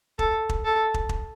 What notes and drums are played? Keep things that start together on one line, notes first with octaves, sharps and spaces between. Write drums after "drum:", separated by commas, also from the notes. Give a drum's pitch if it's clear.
A4, drum: kick
drum: kick
A4
drum: kick
drum: kick